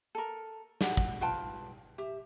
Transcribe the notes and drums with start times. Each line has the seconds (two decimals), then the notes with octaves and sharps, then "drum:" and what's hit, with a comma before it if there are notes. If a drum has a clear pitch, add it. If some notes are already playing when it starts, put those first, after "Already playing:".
0.15 A4 A#4
0.81 D4 F#4, drum: snare
0.97 drum: kick
1.21 F4 B4 G5 A5
1.98 G4 E5